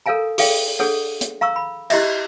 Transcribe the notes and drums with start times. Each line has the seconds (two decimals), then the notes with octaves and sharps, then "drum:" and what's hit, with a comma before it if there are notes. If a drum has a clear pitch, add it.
0.06 A4 A#4 C#5 F5 G#5 A#5
0.38 G#4 A4 F5 G5, drum: open hi-hat
0.79 D4 G#4 A4 C#5 F#5
1.21 drum: hi-hat
1.41 F5 A#5 C#6 E6
1.56 B5
1.90 E4 G4 D#5 E5, drum: cymbal